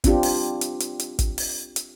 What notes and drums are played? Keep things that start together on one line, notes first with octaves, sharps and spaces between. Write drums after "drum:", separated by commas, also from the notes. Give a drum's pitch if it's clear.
C4 D4 F4 G4, drum: kick, hi-hat
drum: open hi-hat
drum: hi-hat
drum: hi-hat
drum: hi-hat
drum: kick, hi-hat
drum: open hi-hat
drum: hi-hat